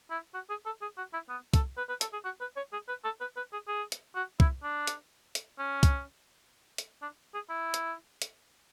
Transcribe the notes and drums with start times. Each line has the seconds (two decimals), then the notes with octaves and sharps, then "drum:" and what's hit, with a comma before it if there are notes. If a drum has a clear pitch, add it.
0.11 E4
0.34 F#4
0.50 G#4
0.66 A4
0.82 G#4
0.97 F#4
1.13 E4
1.29 B3
1.54 A4, drum: kick, hi-hat
1.77 B4
1.89 B4
2.01 A4, drum: hi-hat
2.13 G#4
2.25 F#4
2.41 B4
2.56 C#5
2.73 G#4
2.89 B4
3.05 A4
3.21 B4
3.37 B4
3.53 G#4
3.68 G#4
3.92 drum: hi-hat
4.15 F#4
4.40 E4, drum: kick
4.63 D4
4.87 drum: hi-hat
5.35 drum: hi-hat
5.59 C#4
5.83 drum: kick, hi-hat
6.78 drum: hi-hat
7.02 D4
7.34 G#4
7.49 E4
7.74 drum: hi-hat
8.22 drum: hi-hat